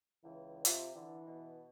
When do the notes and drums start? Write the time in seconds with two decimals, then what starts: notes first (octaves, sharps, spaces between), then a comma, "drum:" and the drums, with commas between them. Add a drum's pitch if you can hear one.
0.24 C#2 E3
0.65 C3 F4, drum: hi-hat
0.95 D3 E3
1.26 B2